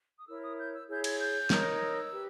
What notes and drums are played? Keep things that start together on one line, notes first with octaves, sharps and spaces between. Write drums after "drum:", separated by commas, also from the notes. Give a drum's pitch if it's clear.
D#6
E4 A#4 C#5 E6
D#6
G6
E6
E4 G#4 C#5 G6
G#6, drum: cymbal
G6
D#4 A#4 C#5, drum: snare
E6
G4 B4